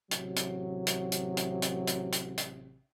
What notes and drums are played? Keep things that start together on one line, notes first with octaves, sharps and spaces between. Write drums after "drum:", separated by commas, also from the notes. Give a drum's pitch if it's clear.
A1 C3 F#3, drum: hi-hat
drum: hi-hat
drum: hi-hat
drum: hi-hat
drum: hi-hat
drum: hi-hat
drum: hi-hat
drum: hi-hat
drum: hi-hat